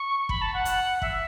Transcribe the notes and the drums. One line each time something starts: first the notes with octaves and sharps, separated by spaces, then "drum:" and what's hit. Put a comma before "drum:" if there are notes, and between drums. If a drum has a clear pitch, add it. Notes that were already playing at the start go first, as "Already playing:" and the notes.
Already playing: C#6
B5, drum: kick
A5
F#5
drum: hi-hat
E5, drum: kick